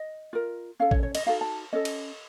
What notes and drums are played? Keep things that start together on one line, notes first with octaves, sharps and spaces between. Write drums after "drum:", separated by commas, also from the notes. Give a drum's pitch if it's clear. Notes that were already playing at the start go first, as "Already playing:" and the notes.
Already playing: D#5
F4 A#4
C#4 A4 F5
C#5, drum: kick
C#5
D#5, drum: cymbal
D#4 F#4 A4 F5
A5
C#4 A4 D#5
drum: cymbal